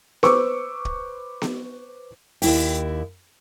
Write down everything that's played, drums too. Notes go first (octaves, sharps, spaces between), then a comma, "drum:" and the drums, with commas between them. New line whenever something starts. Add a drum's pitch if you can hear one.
B4 C5 C#6 D6 E6, drum: snare B3
drum: kick
drum: snare B3
D#2 E4 G5, drum: open hi-hat